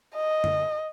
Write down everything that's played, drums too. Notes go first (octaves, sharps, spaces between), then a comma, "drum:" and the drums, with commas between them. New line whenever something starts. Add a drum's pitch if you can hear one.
D#5
drum: tom